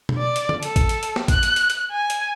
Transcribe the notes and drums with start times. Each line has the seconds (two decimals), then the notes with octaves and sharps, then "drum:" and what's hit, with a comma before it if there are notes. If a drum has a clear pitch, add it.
0.09 drum: tom B2
0.18 D5
0.36 drum: hi-hat
0.49 drum: tom D3
0.63 A4, drum: hi-hat
0.76 drum: kick, hi-hat
0.89 drum: hi-hat
1.03 drum: hi-hat
1.16 drum: snare
1.28 F#6, drum: kick, hi-hat
1.43 drum: hi-hat
1.56 drum: hi-hat
1.70 drum: hi-hat
1.92 G#5
2.10 drum: hi-hat